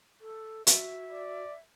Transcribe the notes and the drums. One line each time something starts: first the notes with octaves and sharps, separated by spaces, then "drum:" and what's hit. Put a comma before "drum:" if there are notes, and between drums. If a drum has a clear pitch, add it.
A4
F#4 E5, drum: hi-hat
D5